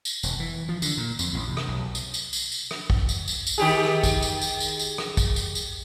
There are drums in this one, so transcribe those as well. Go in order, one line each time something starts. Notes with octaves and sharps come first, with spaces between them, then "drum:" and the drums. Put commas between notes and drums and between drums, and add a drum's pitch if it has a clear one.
drum: tambourine
E1, drum: tambourine
E3
F3
D3, drum: tambourine
A#2
F2, drum: tambourine
A1
C3
drum: rim click
B1
drum: tambourine
drum: tambourine
drum: tambourine
drum: tambourine
drum: rim click
drum: kick
drum: tambourine
drum: tambourine
drum: tambourine
D#3 G4 G#4
drum: rim click
drum: kick, tambourine
drum: tambourine
drum: tambourine
drum: tambourine
drum: tambourine
drum: rim click
drum: kick, tambourine
drum: tambourine
drum: tambourine